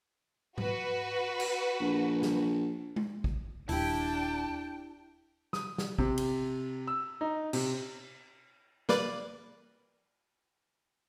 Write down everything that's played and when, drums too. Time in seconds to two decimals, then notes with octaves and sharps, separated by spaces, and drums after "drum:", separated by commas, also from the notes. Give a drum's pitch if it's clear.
0.58 F#4 B4, drum: tom G#2
1.40 drum: cymbal
1.80 A#1
2.22 drum: snare
2.96 drum: tom G#3
3.24 drum: kick
3.69 D#1 D4 E4 G4 G5 A5, drum: open hi-hat
5.53 D#6, drum: snare
5.78 drum: snare
5.98 C3, drum: kick
6.18 drum: cymbal
6.87 E6
7.21 D#4
7.53 C3, drum: cymbal
8.89 A#3 B4 D5, drum: snare